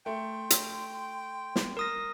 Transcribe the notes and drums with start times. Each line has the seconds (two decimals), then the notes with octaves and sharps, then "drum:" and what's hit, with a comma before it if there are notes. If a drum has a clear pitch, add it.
0.06 A3 G5 C6
0.50 drum: hi-hat
1.56 drum: snare
1.77 A#4 D#6 A#6